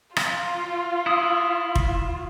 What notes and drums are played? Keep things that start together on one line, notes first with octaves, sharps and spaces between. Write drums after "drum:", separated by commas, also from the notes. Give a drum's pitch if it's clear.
F4, drum: rim click
E4 D#6
drum: kick